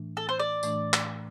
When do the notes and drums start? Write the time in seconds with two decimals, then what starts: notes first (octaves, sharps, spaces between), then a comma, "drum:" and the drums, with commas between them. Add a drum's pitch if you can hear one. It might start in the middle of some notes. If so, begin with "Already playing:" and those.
Already playing: A2 E3 A3 D4
0.17 A4
0.29 C5
0.40 D5
0.63 A2 E3 A3 D4, drum: tambourine
0.94 drum: clap